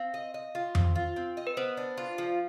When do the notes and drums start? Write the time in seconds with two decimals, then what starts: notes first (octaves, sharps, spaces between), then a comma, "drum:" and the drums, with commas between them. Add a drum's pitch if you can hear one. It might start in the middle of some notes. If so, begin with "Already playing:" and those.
Already playing: C4 F5
0.14 D#5
0.34 D#5
0.55 F4
0.75 C4, drum: tom F2
0.96 F4
1.16 C4
1.37 D#5
1.47 B4
1.57 B3 C5
1.77 D4
1.98 F4
2.18 F3